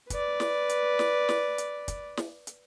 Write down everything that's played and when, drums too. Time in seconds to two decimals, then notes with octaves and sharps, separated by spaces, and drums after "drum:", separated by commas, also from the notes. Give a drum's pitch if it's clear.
0.10 B4 D5, drum: kick, hi-hat
0.40 drum: snare
0.69 drum: hi-hat
0.99 drum: snare
1.29 drum: snare
1.58 drum: hi-hat
1.88 drum: kick, hi-hat
2.17 drum: snare
2.47 drum: hi-hat